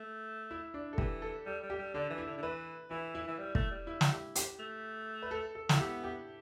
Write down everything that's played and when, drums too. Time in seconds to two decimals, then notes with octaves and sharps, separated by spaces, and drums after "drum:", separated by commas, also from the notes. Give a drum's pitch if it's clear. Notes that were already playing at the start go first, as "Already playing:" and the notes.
Already playing: A3
0.51 E4
0.74 D4
0.93 A4
0.98 E3 G4, drum: kick
1.22 A4
1.46 G3 A4
1.63 G3
1.70 G4
1.79 G3
1.94 D3 D4
2.10 E3
2.18 E4
2.27 D3
2.38 D3
2.42 E3 B4
2.90 E3 E4
3.15 E4
3.27 E3
3.39 G3
3.55 A3, drum: kick
3.71 G3
3.87 E4
4.01 drum: snare
4.12 G4
4.35 G4, drum: hi-hat
4.59 A3
5.23 B4
5.31 A4
5.55 A4
5.69 A3 E4, drum: snare
5.79 B3 G4
6.04 G4